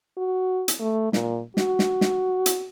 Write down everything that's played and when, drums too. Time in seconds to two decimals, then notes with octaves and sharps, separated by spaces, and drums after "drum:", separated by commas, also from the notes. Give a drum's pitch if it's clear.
0.17 F#4
0.68 drum: hi-hat
0.79 A3
1.13 A#2, drum: snare
1.57 F#4, drum: snare
1.79 drum: snare
2.01 drum: snare
2.46 drum: hi-hat